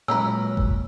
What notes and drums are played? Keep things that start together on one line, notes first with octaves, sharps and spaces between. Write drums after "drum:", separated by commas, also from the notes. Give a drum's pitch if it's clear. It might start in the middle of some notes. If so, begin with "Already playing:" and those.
A#2 F#3 G#3 A#3 C#4 A#4 B4 E6
drum: kick G1